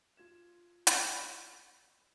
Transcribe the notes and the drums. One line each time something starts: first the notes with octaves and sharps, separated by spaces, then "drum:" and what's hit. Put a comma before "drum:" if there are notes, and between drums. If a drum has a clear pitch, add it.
F4 G#6 E7
drum: hi-hat